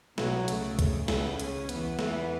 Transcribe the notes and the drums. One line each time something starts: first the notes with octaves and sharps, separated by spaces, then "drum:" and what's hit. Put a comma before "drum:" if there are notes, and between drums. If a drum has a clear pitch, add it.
B1 B2 F#3, drum: snare
C#2 C#3 A3, drum: hi-hat
drum: kick C2, hi-hat
B3, drum: snare
C#4, drum: hi-hat
E2 E3 B3, drum: hi-hat
E2 E3 B3, drum: snare